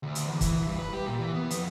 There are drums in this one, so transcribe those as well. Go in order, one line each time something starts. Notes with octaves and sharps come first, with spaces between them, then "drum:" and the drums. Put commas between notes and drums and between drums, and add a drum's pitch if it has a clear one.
D2
drum: hi-hat
E2
E3, drum: kick, hi-hat
E3
G2
B4
G4
A#2
E3
B3
F2, drum: hi-hat